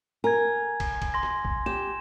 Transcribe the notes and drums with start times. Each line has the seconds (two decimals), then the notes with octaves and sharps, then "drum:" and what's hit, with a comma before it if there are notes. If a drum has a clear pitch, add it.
0.24 A#4 G#5 G#6
0.80 drum: kick, cymbal
1.02 drum: kick, cymbal
1.14 C6 A#6
1.23 drum: rim click
1.45 drum: kick
1.66 G4 E7